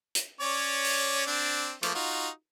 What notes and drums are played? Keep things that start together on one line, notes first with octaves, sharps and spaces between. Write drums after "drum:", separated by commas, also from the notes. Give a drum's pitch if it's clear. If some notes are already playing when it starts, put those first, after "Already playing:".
drum: hi-hat
C#4 C#5 D5
drum: open hi-hat
C4 D4
F3 A3 A#3, drum: hi-hat
D#4 F4 F#4